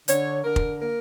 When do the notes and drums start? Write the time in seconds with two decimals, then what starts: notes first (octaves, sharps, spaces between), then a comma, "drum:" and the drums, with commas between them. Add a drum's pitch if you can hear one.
0.08 D3 C#5, drum: hi-hat
0.44 D3 A#4
0.56 drum: kick F1
0.80 A#3 A#4